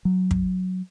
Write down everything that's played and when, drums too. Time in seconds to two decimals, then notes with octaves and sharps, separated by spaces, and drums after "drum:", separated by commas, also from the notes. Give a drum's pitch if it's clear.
0.05 F#3
0.31 drum: kick